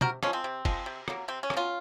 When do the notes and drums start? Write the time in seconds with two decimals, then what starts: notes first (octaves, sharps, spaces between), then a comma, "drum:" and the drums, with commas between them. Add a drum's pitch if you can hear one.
0.01 C3 F#4 A#4, drum: tom
0.23 F3 G#3 C#4, drum: rim click
0.33 C4
0.44 C3
0.65 F3 G#3, drum: kick, cymbal
0.86 C3
1.08 F#3 A#3, drum: rim click
1.28 C3 C4
1.43 C#4
1.50 F#3 A#3, drum: rim click
1.57 C#4 F4